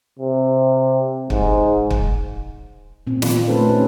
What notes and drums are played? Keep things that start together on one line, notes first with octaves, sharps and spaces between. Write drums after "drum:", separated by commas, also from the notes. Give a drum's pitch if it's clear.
C3
G#2, drum: kick
drum: kick
A#2 C4
F4, drum: snare
A3 C#4 D#4 A4 B4 C5
C#4 G4